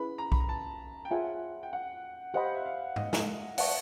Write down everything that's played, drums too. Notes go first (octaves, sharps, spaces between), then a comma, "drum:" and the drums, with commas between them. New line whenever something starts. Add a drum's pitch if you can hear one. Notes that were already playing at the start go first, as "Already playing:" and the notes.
Already playing: C#4 E4 G#4 B4 B5
A#5
B5, drum: kick B1
A#5
A5
G5
F4 G#4 C#5 E5 F#5 G#5
G5
F#5
G4 C5 D#5 F#5 G5 B5
F5
E5
F5
D#5, drum: tom G#2
drum: snare
B4 E5 F#5 A5 C#6, drum: open hi-hat